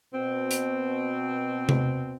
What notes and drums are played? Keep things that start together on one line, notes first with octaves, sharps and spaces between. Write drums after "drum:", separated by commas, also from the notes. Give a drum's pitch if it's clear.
B2 C4
drum: hi-hat
drum: tom C3